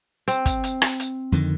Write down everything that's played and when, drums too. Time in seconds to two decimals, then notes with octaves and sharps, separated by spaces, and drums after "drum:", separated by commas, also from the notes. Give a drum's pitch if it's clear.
0.28 C4, drum: hi-hat
0.46 drum: kick, hi-hat
0.64 drum: hi-hat
0.82 drum: rim click
1.00 drum: hi-hat
1.32 F2 D3 D#3